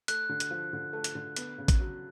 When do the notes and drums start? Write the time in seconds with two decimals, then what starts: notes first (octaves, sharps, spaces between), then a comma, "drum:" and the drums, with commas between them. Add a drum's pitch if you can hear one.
0.08 A3 F#6, drum: hi-hat
0.29 D3
0.40 drum: hi-hat
0.51 F3
0.73 D3
0.93 A3
1.04 drum: hi-hat
1.15 D3
1.36 B3, drum: hi-hat
1.58 C#3
1.68 drum: kick, hi-hat
1.80 F#3